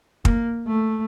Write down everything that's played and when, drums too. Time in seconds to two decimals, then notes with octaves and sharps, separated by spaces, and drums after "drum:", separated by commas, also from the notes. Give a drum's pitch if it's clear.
0.25 A#3, drum: kick
0.67 A3